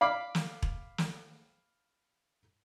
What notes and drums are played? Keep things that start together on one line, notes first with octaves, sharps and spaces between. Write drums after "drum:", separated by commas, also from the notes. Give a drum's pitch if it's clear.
F5 B5 D6
drum: snare
drum: kick E1
drum: snare